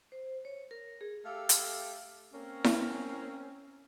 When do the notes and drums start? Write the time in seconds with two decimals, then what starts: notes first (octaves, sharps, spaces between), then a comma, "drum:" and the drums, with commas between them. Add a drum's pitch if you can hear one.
0.12 C5
0.45 C#5
0.71 A#4
1.01 G#4
1.25 A3 G4 A4 F5
1.49 drum: hi-hat
2.33 A#3 C4 C#4
2.64 drum: snare E4